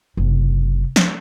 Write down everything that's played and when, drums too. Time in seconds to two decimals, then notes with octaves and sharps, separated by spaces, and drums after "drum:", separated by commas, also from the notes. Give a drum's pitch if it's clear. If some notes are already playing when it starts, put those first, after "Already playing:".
0.17 F#1 C3
0.96 drum: snare